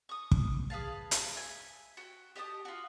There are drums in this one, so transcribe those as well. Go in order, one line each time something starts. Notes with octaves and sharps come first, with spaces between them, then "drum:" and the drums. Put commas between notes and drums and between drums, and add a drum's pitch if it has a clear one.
C#6 D#6
drum: kick
G#4 B4 F5 A5
drum: hi-hat
E5 G#5
F#4 G5
G4 D#5 A5 D#6
F4 F#4